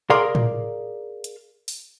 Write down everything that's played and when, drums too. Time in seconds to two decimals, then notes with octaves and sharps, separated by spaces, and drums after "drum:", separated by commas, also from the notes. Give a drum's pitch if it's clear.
0.10 G#4 A#4 D5 F5 C6
0.35 drum: tom A2
1.24 drum: hi-hat
1.68 drum: open hi-hat